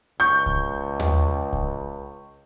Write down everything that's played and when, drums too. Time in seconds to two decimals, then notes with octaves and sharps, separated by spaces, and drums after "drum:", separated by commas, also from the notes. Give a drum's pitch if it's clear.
0.20 C#2 C#6 G6
0.46 drum: kick C2
0.99 drum: tom D#2
1.53 drum: kick C2